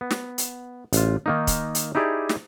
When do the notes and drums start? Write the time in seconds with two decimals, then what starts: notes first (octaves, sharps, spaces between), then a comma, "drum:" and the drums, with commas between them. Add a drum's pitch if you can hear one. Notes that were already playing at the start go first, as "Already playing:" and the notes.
0.01 B3
0.10 drum: snare
0.38 drum: hi-hat
0.93 A1 F4, drum: hi-hat
1.26 D#3 A#3 D#4
1.47 drum: kick, hi-hat
1.75 drum: hi-hat
1.95 D#4 E4 G4 G#4 D5
2.29 drum: snare